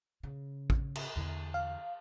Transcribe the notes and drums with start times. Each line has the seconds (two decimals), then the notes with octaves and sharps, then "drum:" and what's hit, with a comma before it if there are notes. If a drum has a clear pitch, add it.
0.23 C#3
0.70 drum: kick
0.95 drum: cymbal
1.16 E2 D3
1.54 F5